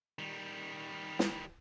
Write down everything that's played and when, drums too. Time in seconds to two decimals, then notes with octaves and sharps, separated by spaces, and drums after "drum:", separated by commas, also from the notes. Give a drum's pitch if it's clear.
0.19 D#3 G3
1.19 drum: snare